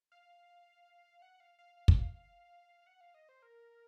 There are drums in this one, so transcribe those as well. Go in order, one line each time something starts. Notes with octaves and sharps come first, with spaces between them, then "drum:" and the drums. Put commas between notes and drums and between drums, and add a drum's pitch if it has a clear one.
F5
F#5
F5
F5
F5
F#5, drum: kick
F5
F#5
F5
D#5
C5
A#4